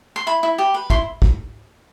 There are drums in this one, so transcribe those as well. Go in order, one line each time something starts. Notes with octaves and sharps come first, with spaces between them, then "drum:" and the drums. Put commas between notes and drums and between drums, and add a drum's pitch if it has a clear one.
C6
E4 B5
E4
G4
B4
E4 C6, drum: kick
drum: kick